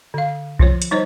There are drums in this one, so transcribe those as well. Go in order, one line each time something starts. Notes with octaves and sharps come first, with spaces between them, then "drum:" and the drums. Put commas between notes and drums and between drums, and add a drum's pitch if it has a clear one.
D3 F5
F3 F4 C#5, drum: kick B1
drum: hi-hat
G3 D#4 C5 C#5 D#5